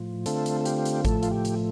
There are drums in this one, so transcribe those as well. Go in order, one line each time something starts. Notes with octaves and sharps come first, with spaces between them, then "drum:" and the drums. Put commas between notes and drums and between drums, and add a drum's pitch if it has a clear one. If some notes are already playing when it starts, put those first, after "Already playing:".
Already playing: A2 F3
D3 A3 C4 F4 A4, drum: hi-hat
drum: hi-hat
A4
G4, drum: hi-hat
drum: hi-hat
A2 F3 A3 A4, drum: kick A1, hi-hat
F4, drum: hi-hat
G4
drum: hi-hat